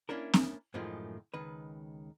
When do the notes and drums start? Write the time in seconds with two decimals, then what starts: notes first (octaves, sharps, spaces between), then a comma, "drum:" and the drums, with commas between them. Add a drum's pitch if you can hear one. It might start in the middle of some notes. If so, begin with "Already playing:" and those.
0.09 A#3 C#4 D4 E4 A#4
0.34 drum: snare
0.74 F#2 A2 D#3 F3 G#3 F4
1.34 C#2 D#3 B4